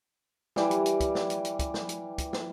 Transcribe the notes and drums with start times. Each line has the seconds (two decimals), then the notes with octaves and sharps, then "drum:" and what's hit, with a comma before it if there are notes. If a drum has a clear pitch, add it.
0.56 E3 G3, drum: snare
0.71 drum: hi-hat
0.86 drum: hi-hat
1.00 drum: kick, hi-hat
1.15 drum: snare
1.30 drum: hi-hat
1.45 drum: hi-hat
1.59 drum: kick, hi-hat
1.74 drum: snare
1.89 drum: hi-hat
2.18 drum: kick, hi-hat
2.33 drum: snare